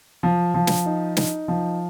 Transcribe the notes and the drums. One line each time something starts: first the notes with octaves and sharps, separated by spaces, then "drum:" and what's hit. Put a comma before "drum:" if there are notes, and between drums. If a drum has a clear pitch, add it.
F3
F3
drum: snare
D#4
D#4, drum: snare
F3